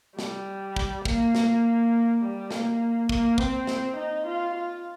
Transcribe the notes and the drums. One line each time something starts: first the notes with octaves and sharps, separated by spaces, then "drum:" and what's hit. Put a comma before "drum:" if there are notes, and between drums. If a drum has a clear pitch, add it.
G3, drum: snare
drum: kick
A#3, drum: kick
drum: snare
G3
A#3, drum: snare
A#3, drum: kick
C4, drum: kick
drum: snare
D#4
F4
F4